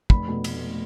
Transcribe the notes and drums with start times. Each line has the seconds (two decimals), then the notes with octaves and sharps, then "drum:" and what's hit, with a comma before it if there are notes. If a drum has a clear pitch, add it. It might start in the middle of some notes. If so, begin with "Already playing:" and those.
0.10 F1 B5, drum: kick
0.28 B2 A3
0.44 drum: cymbal